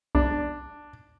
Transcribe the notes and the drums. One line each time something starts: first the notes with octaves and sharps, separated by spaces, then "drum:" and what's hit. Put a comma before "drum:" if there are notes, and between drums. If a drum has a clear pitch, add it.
D4, drum: kick B1